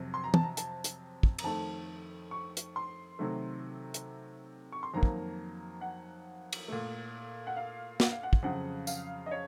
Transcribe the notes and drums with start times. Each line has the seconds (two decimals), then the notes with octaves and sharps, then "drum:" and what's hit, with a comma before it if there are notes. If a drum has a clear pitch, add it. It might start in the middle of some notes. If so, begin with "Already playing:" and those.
Already playing: F2 C3 F#3
0.14 C6
0.24 A#5
0.34 A5, drum: tom
0.43 A#5
0.57 A5, drum: hi-hat
0.84 drum: hi-hat
1.23 drum: kick
1.39 A#5, drum: cymbal
1.44 F2 D#3 A3 A5
2.31 C#6
2.57 drum: hi-hat
2.76 C6
3.19 C3 D#3 F#3 A3
3.94 drum: hi-hat
4.72 C#6
4.83 C6
4.94 F2 D#3 F#3 A#3 A#5
5.03 drum: kick
5.81 F#5
6.53 drum: cymbal
6.68 A#2 A3
7.47 F#5
7.57 F5
8.00 F#5, drum: snare
8.12 F5
8.23 F#5
8.33 drum: kick
8.43 F2 C#3 F#3 F#5
8.87 F5, drum: tambourine
9.26 D#5
9.31 C#5